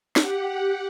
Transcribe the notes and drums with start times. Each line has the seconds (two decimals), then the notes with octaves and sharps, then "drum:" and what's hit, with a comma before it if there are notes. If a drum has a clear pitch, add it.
0.16 G4 F#5, drum: snare